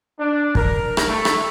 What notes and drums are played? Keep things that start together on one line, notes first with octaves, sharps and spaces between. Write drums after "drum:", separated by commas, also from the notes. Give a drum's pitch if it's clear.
D4
A#4, drum: kick
drum: rim click
A3
drum: rim click